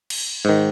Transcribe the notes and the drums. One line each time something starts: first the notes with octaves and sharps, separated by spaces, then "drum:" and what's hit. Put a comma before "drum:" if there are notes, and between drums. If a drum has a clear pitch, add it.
drum: cymbal
G#2 D#3